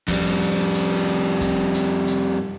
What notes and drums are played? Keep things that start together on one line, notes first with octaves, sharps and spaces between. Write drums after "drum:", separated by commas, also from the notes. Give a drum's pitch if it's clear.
F2 G3, drum: kick, hi-hat
drum: hi-hat
drum: hi-hat
drum: kick, hi-hat
drum: hi-hat
drum: hi-hat